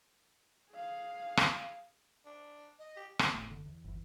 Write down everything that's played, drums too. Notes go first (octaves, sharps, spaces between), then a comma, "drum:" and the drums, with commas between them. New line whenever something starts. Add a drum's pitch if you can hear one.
G#4 F5
drum: rim click
D4
D#5
G4
drum: rim click
G#1 A2 A3 B3
F#1 D3
E2
G1 E2